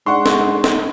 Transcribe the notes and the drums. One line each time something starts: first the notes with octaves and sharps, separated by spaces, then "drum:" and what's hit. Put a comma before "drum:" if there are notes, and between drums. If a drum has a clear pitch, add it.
G#2 D4 F#5 C6 C#6
drum: snare
drum: snare